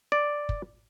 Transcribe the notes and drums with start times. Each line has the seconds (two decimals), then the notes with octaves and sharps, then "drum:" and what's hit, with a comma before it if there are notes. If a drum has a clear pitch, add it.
0.12 D5
0.49 drum: kick